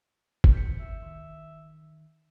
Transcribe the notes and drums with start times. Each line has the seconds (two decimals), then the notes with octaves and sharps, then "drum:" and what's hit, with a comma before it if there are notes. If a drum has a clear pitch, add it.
0.44 drum: kick
0.53 G6 B6 C#7
0.80 E5
1.02 D#3